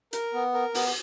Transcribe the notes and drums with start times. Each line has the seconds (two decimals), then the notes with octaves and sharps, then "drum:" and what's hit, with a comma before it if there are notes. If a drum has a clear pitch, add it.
0.13 A#4, drum: hi-hat
0.34 B3
0.54 A#4
0.74 B3, drum: open hi-hat